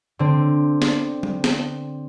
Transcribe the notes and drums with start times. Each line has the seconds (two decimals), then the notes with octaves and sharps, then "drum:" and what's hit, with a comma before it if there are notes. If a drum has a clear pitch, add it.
0.19 D3 C4
0.82 drum: snare
1.23 drum: tom F#3
1.44 drum: snare